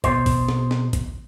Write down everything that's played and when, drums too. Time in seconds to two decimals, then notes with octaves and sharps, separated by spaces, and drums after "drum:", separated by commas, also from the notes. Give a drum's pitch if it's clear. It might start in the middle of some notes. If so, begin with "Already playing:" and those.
0.04 B2 C5, drum: kick, hi-hat
0.26 drum: kick, open hi-hat
0.49 drum: snare
0.71 drum: snare
0.93 drum: kick, hi-hat